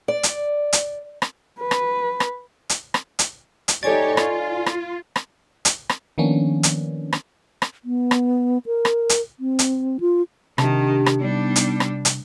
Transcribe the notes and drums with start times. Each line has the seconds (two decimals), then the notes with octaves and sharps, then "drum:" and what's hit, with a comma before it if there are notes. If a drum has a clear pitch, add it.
0.08 D5
0.23 drum: hi-hat
0.73 drum: hi-hat
1.22 drum: rim click
1.60 B4
1.71 drum: rim click
2.20 drum: rim click
2.69 drum: hi-hat
2.94 drum: rim click
3.19 drum: hi-hat
3.68 drum: hi-hat
3.83 D#4 G4 A4 C#5 D5 G#5 A6
4.17 F4, drum: rim click
4.66 drum: rim click
5.16 drum: rim click
5.65 drum: hi-hat
5.89 drum: rim click
6.18 D#3 F3 A#3 B3 C#4 D4
6.63 drum: hi-hat
7.13 drum: rim click
7.62 drum: rim click
7.85 B3
8.11 drum: rim click
8.66 A#4
8.85 drum: rim click
9.09 drum: hi-hat
9.40 C4
9.59 drum: hi-hat
10.00 F4
10.58 C3 D#3 D4 G4 A5, drum: rim click
11.06 drum: rim click
11.20 G3 B3 D4 D#4
11.56 drum: hi-hat
11.80 drum: rim click
12.05 drum: hi-hat